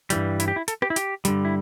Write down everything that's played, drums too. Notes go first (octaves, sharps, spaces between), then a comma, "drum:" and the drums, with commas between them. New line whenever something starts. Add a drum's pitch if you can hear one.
G2 E3 G3, drum: hi-hat
E4, drum: hi-hat
G4
E4
A4, drum: hi-hat
G4, drum: rim click
E4
G4, drum: hi-hat
G2 D3 G3, drum: hi-hat
E4